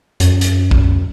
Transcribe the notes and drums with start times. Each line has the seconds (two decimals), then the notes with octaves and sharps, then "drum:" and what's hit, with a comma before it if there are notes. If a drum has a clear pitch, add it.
0.20 F#2, drum: hi-hat
0.41 drum: hi-hat
0.71 drum: kick A#1